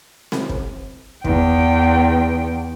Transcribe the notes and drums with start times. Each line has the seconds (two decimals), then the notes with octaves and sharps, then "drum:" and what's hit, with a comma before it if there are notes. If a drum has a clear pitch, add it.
0.32 drum: snare C4
0.49 drum: kick
1.25 E2 G5, drum: kick